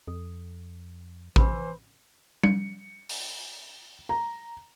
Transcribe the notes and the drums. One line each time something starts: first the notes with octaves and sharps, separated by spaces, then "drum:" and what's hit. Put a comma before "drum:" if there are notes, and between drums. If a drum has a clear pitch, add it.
F2 A4
E3 B4 C5 B5 E6, drum: kick A1
C#7, drum: tom G3
drum: open hi-hat
A#5